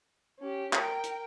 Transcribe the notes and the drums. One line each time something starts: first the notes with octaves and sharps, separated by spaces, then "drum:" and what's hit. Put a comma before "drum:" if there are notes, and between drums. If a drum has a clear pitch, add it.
C#4 G4
A#4 G5, drum: clap
drum: hi-hat